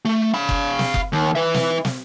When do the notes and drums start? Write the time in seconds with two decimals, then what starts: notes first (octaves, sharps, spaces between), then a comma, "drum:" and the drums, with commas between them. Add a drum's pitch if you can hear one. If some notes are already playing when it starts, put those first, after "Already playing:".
0.05 A3
0.34 F5 B5
0.49 drum: kick F#1
0.79 drum: snare
0.94 drum: kick F#1
1.13 D#2
1.35 B4 E5
1.54 drum: snare
1.85 drum: snare